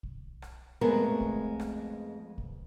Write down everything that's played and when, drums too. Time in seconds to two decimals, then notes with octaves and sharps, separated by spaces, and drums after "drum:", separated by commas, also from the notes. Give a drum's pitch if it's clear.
0.03 drum: kick
0.42 drum: rim click
0.81 F2 G#3 A3 B3 A#4
1.20 drum: kick
1.60 drum: rim click
2.38 drum: kick